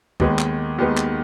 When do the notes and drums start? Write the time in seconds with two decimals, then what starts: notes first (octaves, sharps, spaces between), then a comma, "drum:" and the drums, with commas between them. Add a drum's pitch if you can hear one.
0.20 D#2 D#3 G#3 B3, drum: kick
0.39 drum: clap
0.78 D#2 D#3 G#3 B3
0.97 drum: clap